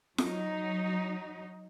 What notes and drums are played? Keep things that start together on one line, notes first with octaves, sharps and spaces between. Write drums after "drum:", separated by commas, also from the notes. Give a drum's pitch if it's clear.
F#3 D#4, drum: snare F4